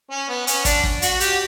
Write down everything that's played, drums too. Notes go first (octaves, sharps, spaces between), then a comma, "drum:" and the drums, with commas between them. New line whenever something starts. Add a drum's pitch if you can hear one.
C#4
B3
C#4, drum: hi-hat
D4, drum: kick, hi-hat
drum: kick
F#4, drum: hi-hat
G4, drum: hi-hat